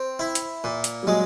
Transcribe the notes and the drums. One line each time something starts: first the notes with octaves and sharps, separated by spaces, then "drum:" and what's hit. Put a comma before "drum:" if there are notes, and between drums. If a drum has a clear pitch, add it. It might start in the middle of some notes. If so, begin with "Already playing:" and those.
Already playing: C4
E4
drum: hi-hat
A#2
drum: hi-hat
G3
F#3 G#3